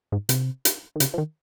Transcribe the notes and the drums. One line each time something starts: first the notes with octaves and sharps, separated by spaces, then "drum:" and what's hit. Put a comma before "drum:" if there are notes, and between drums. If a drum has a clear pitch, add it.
G#2
C3, drum: hi-hat
drum: hi-hat
D#3
C#3, drum: hi-hat
F3
D#3